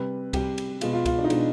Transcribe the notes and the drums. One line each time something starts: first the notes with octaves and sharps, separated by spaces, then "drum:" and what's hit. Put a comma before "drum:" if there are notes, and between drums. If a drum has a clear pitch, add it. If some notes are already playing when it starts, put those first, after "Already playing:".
Already playing: C3 G3 B4
C3 G3 G4, drum: kick C2, cymbal
drum: cymbal
B2 G#3 F4, drum: cymbal
F4
F4, drum: kick C2, cymbal
D4
D#4
B2 G#3 D4, drum: cymbal